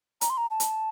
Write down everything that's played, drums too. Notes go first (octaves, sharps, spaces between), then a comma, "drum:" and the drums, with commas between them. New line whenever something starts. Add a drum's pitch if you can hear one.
A#5, drum: hi-hat
C6
A#5
A5
drum: hi-hat